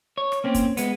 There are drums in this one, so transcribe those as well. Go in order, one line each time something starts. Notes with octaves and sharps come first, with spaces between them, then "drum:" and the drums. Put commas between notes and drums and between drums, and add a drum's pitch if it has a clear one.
C#5
drum: rim click
A#3 C4 C#4
drum: kick, hi-hat
G#3 B3, drum: hi-hat